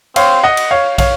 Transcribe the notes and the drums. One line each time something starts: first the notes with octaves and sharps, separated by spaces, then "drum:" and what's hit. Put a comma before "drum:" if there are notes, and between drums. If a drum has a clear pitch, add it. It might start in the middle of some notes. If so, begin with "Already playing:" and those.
C4 C#5 F5, drum: cymbal
D#5 F#5
drum: cymbal
C#5 F5
C#5 F5, drum: kick, cymbal